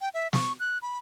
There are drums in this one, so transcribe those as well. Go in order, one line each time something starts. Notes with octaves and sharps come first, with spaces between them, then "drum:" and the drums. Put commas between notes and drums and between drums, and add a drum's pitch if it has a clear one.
G5
E5
C#6, drum: snare
F#6
B5